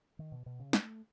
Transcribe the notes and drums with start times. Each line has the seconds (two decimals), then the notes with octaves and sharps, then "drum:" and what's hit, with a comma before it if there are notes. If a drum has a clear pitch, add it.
0.19 D#3
0.32 B2
0.46 B2
0.59 C#3
0.73 A3, drum: snare